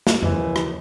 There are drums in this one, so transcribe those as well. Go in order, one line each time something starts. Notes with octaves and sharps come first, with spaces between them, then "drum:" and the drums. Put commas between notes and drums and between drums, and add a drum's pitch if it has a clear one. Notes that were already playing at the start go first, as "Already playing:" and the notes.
drum: snare
D#2 C#3 E3 F3, drum: tom F2
drum: rim click